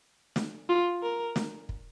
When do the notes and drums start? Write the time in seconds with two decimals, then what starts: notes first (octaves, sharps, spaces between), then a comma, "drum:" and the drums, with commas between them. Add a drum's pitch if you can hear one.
0.36 drum: snare
0.69 F4
1.03 A#4
1.36 drum: snare
1.69 drum: kick